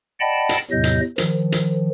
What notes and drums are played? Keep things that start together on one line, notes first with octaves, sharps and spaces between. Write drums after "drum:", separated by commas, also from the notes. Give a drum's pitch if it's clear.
D5 D#5 F#5 G5 A5 B5
drum: hi-hat
E2 A2 C3 F#3 D#5 G6
drum: hi-hat
D#3 F3, drum: hi-hat
drum: hi-hat